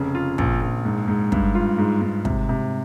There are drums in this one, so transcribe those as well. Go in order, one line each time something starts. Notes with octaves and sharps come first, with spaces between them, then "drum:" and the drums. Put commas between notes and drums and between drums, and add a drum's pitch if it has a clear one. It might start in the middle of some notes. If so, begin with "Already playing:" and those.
Already playing: F1 C#3
F4
A#1, drum: kick
A#1
G#2
G#2
G2, drum: kick
F4
G#2
G#2
C3, drum: kick
C3